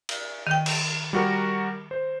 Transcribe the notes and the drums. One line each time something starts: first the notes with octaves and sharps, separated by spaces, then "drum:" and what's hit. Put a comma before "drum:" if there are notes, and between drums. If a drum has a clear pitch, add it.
drum: cymbal
D#3 G5 D#7
drum: cymbal
G3 F#4 A#4
C5